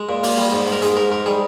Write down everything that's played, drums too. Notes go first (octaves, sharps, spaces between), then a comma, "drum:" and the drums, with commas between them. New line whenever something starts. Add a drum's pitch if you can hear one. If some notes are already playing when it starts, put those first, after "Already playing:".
Already playing: G#3
A#2
A#3, drum: open hi-hat
G3
G#2
G#2
A#4
G#2 G#4, drum: hi-hat
G#2 A#4
G#2 A#4
G3 G#4